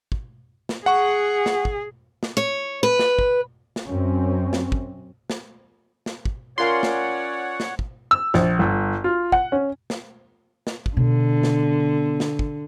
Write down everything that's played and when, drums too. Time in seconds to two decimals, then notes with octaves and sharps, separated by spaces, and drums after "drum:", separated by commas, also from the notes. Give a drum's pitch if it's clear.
0.12 drum: kick
0.69 drum: snare
0.86 G#4 F#5 C#6
1.46 drum: snare
1.65 drum: kick
2.23 drum: snare
2.37 C#5
2.83 B4
2.99 drum: snare
3.19 drum: kick
3.76 drum: snare
3.86 F#2 C4 C#4
4.53 drum: snare
4.72 drum: kick
5.30 drum: snare
6.06 drum: snare
6.25 drum: kick
6.58 C#4 F4 A#4 C#5 D5 F5 F#5 C6
6.83 drum: snare
7.60 drum: snare
7.79 drum: kick
8.11 E6
8.34 A#1, drum: snare
8.59 G1
9.04 F4
9.32 F#5, drum: kick
9.52 C#4
9.90 drum: snare
10.67 drum: snare
10.86 drum: kick
10.97 B2 D3
11.43 drum: snare
12.20 drum: snare
12.39 drum: kick